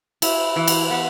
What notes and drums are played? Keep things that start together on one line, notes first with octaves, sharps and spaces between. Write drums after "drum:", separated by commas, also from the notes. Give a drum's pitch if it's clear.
E4, drum: cymbal
E3
drum: cymbal
B3